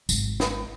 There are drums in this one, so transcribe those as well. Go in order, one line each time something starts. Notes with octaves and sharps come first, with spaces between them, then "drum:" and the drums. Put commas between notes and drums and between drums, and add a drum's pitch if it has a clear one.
G#1, drum: tambourine
drum: snare